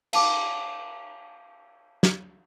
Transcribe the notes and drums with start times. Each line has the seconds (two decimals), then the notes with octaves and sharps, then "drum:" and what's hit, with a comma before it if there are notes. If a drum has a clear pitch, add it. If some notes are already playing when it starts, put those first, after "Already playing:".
0.13 F5 A5 D6, drum: cymbal
2.03 drum: snare